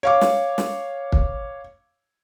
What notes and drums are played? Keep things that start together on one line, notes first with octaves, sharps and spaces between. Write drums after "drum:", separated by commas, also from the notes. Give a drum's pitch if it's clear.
C#5 F5 D6
drum: snare
drum: snare
drum: kick